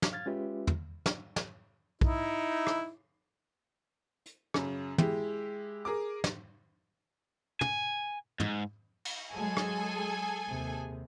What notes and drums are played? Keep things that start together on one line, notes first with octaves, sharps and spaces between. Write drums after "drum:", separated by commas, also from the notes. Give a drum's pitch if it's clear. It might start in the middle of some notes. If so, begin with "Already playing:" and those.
drum: snare
F5 F6 G#6 A6
G#3 C#4 F4 G4 B4 E5
drum: tom
drum: snare
drum: snare
D#4 E4, drum: kick B1
drum: rim click
drum: hi-hat
F#2 C#3, drum: rim click
G#3 E4 G4, drum: tom
G#4 A#4 D6
drum: snare
G#5, drum: tom
G#2, drum: tom
drum: cymbal
F#3 G#3 G#4 A4 G#5
drum: rim click
D#2 C3